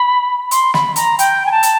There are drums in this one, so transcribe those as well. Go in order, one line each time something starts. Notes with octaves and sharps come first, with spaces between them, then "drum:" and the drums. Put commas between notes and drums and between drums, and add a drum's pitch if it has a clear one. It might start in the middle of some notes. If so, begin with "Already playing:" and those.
Already playing: B5
C6, drum: hi-hat
B5, drum: snare
A#5, drum: hi-hat
G5, drum: hi-hat
G#5
A5
drum: hi-hat